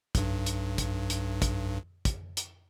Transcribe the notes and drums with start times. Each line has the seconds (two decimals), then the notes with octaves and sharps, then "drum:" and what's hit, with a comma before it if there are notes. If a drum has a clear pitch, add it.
0.15 B1 G2, drum: kick, hi-hat
0.46 drum: hi-hat
0.78 drum: kick, hi-hat
1.10 drum: hi-hat
1.42 drum: kick, hi-hat
2.05 drum: kick, hi-hat
2.37 drum: hi-hat